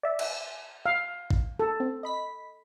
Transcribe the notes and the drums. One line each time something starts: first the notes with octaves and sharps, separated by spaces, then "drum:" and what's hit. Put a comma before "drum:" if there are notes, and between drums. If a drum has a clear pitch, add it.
D5 E5
drum: cymbal
F5
drum: kick
A4
C4
D#5 B5 B6